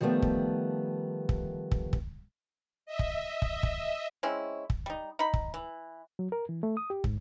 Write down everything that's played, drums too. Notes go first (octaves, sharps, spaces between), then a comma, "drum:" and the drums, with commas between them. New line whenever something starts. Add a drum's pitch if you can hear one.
D#3 F3 G3 A3 B3
drum: kick
drum: kick
drum: kick
drum: kick
D#5 E5
drum: kick
drum: kick
drum: kick
G#3 C4 C#4 E4
drum: kick
G3 D#4
D#4 B5
drum: kick
E3
F#3
A#4
E3
A3
D#6
G4
G#2, drum: kick